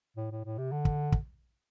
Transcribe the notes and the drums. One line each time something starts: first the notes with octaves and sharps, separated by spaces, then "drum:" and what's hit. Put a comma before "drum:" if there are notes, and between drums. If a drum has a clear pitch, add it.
A2
A2
A2
C3
D3
drum: kick
drum: kick